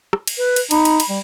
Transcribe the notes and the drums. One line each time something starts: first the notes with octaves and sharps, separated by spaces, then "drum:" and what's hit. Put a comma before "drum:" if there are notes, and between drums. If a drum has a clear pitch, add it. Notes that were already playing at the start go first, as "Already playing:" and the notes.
drum: rim click
drum: cymbal
B4
drum: cymbal
D#4 B5, drum: cymbal
drum: cymbal
drum: cymbal
G3